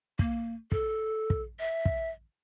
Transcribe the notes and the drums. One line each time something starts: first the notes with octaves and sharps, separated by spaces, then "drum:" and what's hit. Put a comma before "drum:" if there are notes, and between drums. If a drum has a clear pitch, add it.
A#3, drum: kick
A4, drum: kick
drum: kick
E5
drum: kick